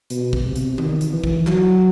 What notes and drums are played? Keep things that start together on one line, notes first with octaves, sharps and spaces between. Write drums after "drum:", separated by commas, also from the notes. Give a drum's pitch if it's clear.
B2, drum: hi-hat
drum: kick
C3
drum: hi-hat
D#3, drum: tom D#3
drum: hi-hat
E3
drum: kick
F#3, drum: clap